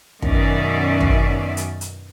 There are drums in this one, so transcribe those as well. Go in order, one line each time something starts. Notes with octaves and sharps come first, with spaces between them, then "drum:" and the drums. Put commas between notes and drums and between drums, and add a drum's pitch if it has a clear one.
F#2 B2 D#3 C#4 D5 E5, drum: kick
drum: kick
drum: hi-hat
drum: hi-hat